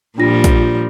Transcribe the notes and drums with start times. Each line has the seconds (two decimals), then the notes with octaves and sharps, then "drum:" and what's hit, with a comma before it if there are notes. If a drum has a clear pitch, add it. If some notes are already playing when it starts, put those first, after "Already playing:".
0.18 A#2 F3 G3 D4 F4 A#6
0.44 drum: kick, hi-hat